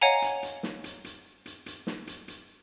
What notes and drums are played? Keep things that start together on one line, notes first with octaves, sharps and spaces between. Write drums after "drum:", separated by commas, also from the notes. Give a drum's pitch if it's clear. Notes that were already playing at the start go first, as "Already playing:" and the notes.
C#5 D#5 F5 F#5 G#5 A#5
drum: hi-hat
drum: hi-hat
drum: snare
drum: hi-hat
drum: hi-hat
drum: hi-hat
drum: hi-hat
drum: snare
drum: hi-hat
drum: hi-hat